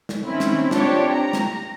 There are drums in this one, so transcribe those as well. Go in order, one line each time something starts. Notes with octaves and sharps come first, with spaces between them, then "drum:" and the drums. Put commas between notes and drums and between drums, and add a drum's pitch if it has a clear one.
drum: snare
D#3 C4 C#4 E4
drum: snare
C4 D4 F4 G4 C#5, drum: snare
A#5
drum: snare